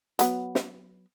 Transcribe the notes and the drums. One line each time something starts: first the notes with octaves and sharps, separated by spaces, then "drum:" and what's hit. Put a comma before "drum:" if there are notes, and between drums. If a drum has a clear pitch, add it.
F#3 B3, drum: hi-hat
drum: snare